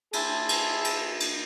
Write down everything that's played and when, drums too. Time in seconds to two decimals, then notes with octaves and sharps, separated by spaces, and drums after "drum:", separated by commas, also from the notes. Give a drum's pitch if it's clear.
0.13 E4 G#4 C5 E5 A5, drum: cymbal
0.49 drum: cymbal
0.85 drum: cymbal
1.20 drum: cymbal